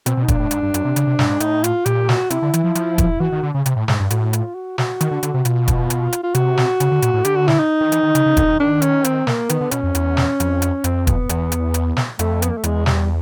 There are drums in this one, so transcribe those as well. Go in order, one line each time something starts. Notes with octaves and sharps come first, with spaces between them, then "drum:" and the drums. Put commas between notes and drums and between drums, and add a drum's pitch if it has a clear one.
B2 C4, drum: hi-hat
B2
D#4
A#2 D4, drum: kick E1, hi-hat
A2
G#2, drum: hi-hat
G2
F#2, drum: hi-hat
C3
C#3, drum: hi-hat
C3
G2, drum: snare
G#2
A2 D#4, drum: hi-hat
F4, drum: hi-hat
A#2 G4, drum: hi-hat
F#4, drum: snare
C3 E4, drum: hi-hat
D3
E3, drum: hi-hat
F3
F3, drum: hi-hat
drum: kick E1, hi-hat
E3 F#4
D#3
D3
C#3
C3, drum: hi-hat
A2
G#2, drum: snare
G2
A2 F#4, drum: hi-hat
F4, drum: hi-hat
F#4
F#4, drum: snare
D#3, drum: hi-hat
D3
D3, drum: hi-hat
C3
B2 F4, drum: hi-hat
drum: kick E1, hi-hat
drum: hi-hat
drum: hi-hat
F4
C3 F#4, drum: hi-hat
drum: snare
C#3, drum: hi-hat
D3
A#2, drum: hi-hat
A2
D3 G4, drum: hi-hat
F#4
E4, drum: snare
D#4
D#3
E3, drum: hi-hat
D#3
C#3, drum: hi-hat
C#3
D3, drum: kick E1, hi-hat
D#3
D#3 D4
C#4, drum: hi-hat
C4, drum: hi-hat
A#3, drum: snare
D#3 B3, drum: hi-hat
D3
B2 C#4, drum: hi-hat
F2
E2, drum: hi-hat
drum: snare
F2, drum: hi-hat
drum: hi-hat
F2 C4, drum: hi-hat
B3, drum: kick E1, hi-hat
E2, drum: hi-hat
drum: hi-hat
drum: hi-hat
drum: snare
F2 A3, drum: hi-hat
B3, drum: hi-hat
A#3
A3
E2 G#3, drum: hi-hat
G3, drum: snare